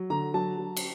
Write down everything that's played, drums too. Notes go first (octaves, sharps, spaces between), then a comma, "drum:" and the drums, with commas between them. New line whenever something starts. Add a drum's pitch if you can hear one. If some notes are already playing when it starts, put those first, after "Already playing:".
Already playing: F#3
D3 A#5
F#3 A5
F#3
drum: cymbal